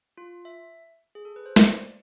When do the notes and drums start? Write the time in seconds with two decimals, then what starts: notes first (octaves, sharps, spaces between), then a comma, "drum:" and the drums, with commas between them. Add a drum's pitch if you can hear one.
0.17 F4
0.45 E5
1.15 G#4
1.25 A4
1.36 B4
1.46 C5
1.56 D5, drum: snare